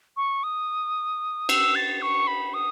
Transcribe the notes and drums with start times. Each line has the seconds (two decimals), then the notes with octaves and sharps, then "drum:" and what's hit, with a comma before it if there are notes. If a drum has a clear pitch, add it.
0.17 C#6
0.43 D#6
1.49 E6, drum: cymbal
1.75 A6
2.02 C#6
2.27 B5
2.54 D#6